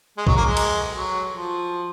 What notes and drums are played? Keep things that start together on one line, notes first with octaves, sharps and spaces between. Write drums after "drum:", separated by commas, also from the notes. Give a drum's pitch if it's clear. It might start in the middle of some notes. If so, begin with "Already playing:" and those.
G#3
F#3, drum: kick
A#3
G#3
drum: cymbal
F#3
F3